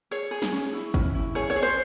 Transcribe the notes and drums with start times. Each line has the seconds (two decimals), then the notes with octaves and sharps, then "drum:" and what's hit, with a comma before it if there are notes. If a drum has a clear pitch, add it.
0.11 G#4 C#5
0.31 G#4
0.42 drum: snare
0.52 C#4
0.73 E4
0.94 C#4, drum: kick
1.15 E4
1.35 G#4 C#5
1.50 C#5
1.56 G#4
1.63 C5